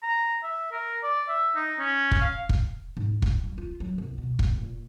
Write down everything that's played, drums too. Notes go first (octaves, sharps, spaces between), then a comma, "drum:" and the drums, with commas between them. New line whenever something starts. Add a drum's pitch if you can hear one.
A#5
E5
A#4
D5
E5
D#4
C#4
drum: kick
F5
drum: kick
G#2
D1, drum: kick
G3
F4
F#3
C2
B2
A#3, drum: kick
A#2